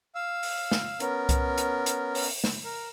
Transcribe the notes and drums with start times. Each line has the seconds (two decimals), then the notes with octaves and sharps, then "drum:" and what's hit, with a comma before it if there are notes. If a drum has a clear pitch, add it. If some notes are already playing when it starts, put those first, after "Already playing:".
0.15 F5 E6
0.43 drum: open hi-hat
0.71 drum: snare
1.00 B3 C#4 A#4, drum: hi-hat
1.29 drum: kick C2, hi-hat
1.58 drum: hi-hat
1.86 drum: hi-hat
2.15 drum: open hi-hat
2.44 drum: snare
2.64 A#4